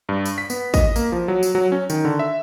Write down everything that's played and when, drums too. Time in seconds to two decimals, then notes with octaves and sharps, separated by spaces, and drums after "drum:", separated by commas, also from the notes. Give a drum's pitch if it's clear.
0.09 G2
0.25 drum: tambourine
0.38 B6
0.50 B3, drum: tambourine
0.74 D#5, drum: kick, tambourine
0.96 A#3, drum: tambourine
1.12 F3
1.28 F#3
1.43 drum: tambourine
1.55 F#3
1.72 C#4
1.90 D#3, drum: tambourine
2.05 D3
2.19 E5